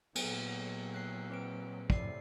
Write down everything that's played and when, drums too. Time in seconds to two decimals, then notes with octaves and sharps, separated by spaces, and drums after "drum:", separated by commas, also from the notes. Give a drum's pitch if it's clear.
0.15 A#2 F#3 B3, drum: cymbal
0.94 F#6 C7
1.30 C4 B4 D7
1.90 F2 A2 C3 D5 C7, drum: kick